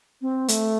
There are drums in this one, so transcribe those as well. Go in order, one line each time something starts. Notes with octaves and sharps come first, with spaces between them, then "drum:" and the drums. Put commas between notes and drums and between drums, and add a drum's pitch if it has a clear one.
C4
A3, drum: hi-hat